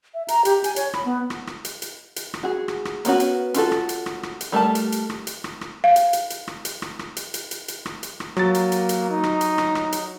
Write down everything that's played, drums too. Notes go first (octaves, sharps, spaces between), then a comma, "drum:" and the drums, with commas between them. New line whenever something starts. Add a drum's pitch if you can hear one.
E5
A#5, drum: hi-hat
G4, drum: hi-hat
G#5, drum: hi-hat
C#5, drum: hi-hat
B5, drum: rim click
B3
drum: rim click
drum: rim click
drum: hi-hat
drum: hi-hat
drum: hi-hat
drum: rim click
F#4 G#4
drum: rim click
drum: rim click
A#3 B3 C#4 F#4, drum: hi-hat
drum: hi-hat
C#4 F4 F#4 A4, drum: hi-hat
drum: rim click
drum: hi-hat
drum: rim click
drum: rim click
drum: hi-hat
G3 A3 A#4 A5
drum: hi-hat
drum: hi-hat
drum: rim click
drum: hi-hat
drum: rim click
drum: rim click
F5
drum: hi-hat
drum: hi-hat
drum: hi-hat
drum: rim click
drum: hi-hat
drum: rim click
drum: rim click
drum: hi-hat
drum: hi-hat
drum: hi-hat
drum: hi-hat
drum: rim click
drum: hi-hat
drum: rim click
F#3 A#3 A6, drum: rim click
drum: hi-hat
drum: hi-hat
drum: hi-hat
D#4
drum: rim click
drum: hi-hat
drum: rim click
drum: rim click
drum: hi-hat